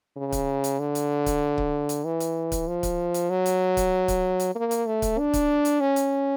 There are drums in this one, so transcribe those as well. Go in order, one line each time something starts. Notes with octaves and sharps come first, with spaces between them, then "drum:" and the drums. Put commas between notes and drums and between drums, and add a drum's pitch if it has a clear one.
C#3
drum: kick C#1, hi-hat
drum: hi-hat
D3
drum: hi-hat
drum: kick C#1, hi-hat
drum: kick C#1
drum: hi-hat
E3
drum: hi-hat
drum: kick C#1, hi-hat
F3
drum: kick C#1, hi-hat
drum: hi-hat
F#3
drum: hi-hat
drum: kick C#1, hi-hat
drum: kick C#1, hi-hat
drum: hi-hat
A#3
drum: hi-hat
A3
drum: kick C#1, hi-hat
D4
drum: kick C#1, hi-hat
drum: hi-hat
C#4
drum: hi-hat